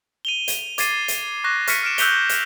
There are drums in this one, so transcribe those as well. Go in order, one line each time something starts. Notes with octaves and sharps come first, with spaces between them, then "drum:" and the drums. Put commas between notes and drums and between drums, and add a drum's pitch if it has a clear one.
D#7 F7 G7
drum: hi-hat
D6 G#6 A6 C7 D#7, drum: hi-hat
drum: hi-hat
C#6 D6 F#6 A#6
C#6 F6 B6 C#7 D#7, drum: hi-hat
F6 D7 E7
E6 F#6 G6 B6 F7 G7, drum: hi-hat
drum: hi-hat